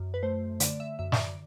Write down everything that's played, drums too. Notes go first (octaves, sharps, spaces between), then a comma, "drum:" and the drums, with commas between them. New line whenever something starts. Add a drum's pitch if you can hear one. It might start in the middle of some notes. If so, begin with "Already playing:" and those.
Already playing: F#2
B4
A3 C5
D3 D5, drum: hi-hat
E5
F#2 E5
E5, drum: snare
D5